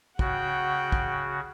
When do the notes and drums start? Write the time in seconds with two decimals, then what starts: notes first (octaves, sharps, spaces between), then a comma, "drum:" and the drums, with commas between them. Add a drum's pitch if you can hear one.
0.19 C#3 F#4 F#5 G5, drum: kick
0.92 drum: kick